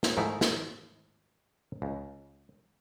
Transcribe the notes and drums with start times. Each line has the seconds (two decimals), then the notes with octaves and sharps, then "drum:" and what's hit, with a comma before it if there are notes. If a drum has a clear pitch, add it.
0.03 drum: snare
0.17 G#2 D#3 F3 A3 D#4 E4
0.41 drum: snare
1.82 C#2